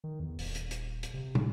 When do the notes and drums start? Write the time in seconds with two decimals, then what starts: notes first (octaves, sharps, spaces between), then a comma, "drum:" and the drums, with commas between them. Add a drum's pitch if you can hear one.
0.04 D#3
0.20 E2
0.39 D#1, drum: open hi-hat
0.55 drum: hi-hat
0.71 drum: hi-hat
1.03 drum: hi-hat
1.14 C3
1.35 drum: tom